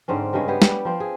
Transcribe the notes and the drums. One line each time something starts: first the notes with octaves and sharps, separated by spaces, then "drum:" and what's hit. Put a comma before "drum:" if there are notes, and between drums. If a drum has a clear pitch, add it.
G#2 D3 C4 C#4
G2 C#3 G3 G#3
B3 G4 G#4
G3, drum: snare
F3 C4
G#4